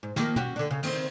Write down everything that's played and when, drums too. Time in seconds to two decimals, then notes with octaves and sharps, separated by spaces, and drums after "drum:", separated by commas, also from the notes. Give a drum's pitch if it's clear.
0.03 G#2
0.16 D#3 F3 A#3, drum: snare
0.36 C#4 F#4 G4, drum: tom
0.56 D3 D4
0.71 C#3
0.83 D#3 C4 C5, drum: cymbal